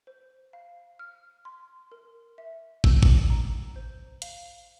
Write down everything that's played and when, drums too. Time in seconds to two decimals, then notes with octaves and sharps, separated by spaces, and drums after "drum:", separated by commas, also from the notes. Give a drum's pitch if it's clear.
0.07 C5
0.53 F5
0.99 F6
1.45 C6
1.92 A#4
2.38 E5
2.84 E6, drum: kick
3.03 drum: kick
3.30 A#5
3.76 C5
4.22 F5, drum: hi-hat